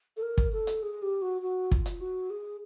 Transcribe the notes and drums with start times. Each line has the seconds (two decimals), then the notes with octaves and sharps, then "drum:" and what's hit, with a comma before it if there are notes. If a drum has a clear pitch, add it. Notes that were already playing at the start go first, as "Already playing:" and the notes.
0.17 A4
0.22 A#4
0.38 drum: kick
0.53 A4
0.67 drum: hi-hat
0.82 G#4
1.02 G4
1.22 F#4
1.42 F#4
1.71 F4, drum: kick
1.86 drum: hi-hat
2.01 F#4
2.30 G#4